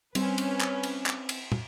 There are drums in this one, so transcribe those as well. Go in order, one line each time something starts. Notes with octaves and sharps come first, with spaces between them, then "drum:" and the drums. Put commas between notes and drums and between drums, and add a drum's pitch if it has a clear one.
G3 C4 C#4 B4, drum: cymbal
drum: cymbal
drum: clap
drum: cymbal
drum: clap
drum: cymbal
drum: tom